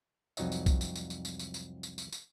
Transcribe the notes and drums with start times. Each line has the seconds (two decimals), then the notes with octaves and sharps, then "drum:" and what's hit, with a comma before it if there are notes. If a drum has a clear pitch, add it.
0.37 C2 F2 F#3 D#4 C#5 D#5, drum: tambourine
0.52 drum: tambourine
0.66 drum: kick B1, tambourine
0.81 drum: tambourine
0.96 drum: tambourine
1.10 drum: tambourine
1.25 drum: tambourine
1.39 drum: tambourine
1.54 drum: tambourine
1.83 drum: tambourine
1.98 drum: tambourine
2.12 drum: tambourine